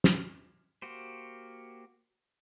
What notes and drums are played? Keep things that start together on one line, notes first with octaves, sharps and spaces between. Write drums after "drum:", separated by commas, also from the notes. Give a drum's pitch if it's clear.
drum: snare
A#3 F#4 G4 C5